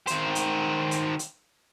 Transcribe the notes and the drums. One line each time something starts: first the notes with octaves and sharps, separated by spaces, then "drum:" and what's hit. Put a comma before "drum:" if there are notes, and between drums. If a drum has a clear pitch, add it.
D#3 C5, drum: hi-hat
drum: hi-hat
drum: hi-hat
drum: hi-hat